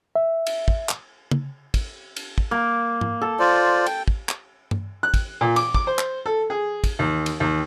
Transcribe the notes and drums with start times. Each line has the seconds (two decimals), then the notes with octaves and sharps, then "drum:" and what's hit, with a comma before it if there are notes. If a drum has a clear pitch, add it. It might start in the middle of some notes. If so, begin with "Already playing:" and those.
0.16 E5
0.47 drum: cymbal
0.68 drum: kick
0.89 drum: clap
1.31 drum: tom
1.74 drum: kick, cymbal
2.16 drum: cymbal
2.38 drum: kick
2.51 A#3
3.01 drum: tom G#2
3.21 A4
3.39 F4 C5 D5
3.86 G5, drum: cymbal
4.08 drum: kick
4.29 drum: clap
4.71 drum: tom G2
5.03 F#6
5.14 drum: kick, cymbal
5.41 A#2
5.56 D6, drum: cymbal
5.74 D6, drum: kick
5.87 C5
5.99 drum: clap
6.26 A4
6.50 G#4
6.84 drum: kick, cymbal
6.99 D#2
7.26 drum: cymbal
7.40 D#2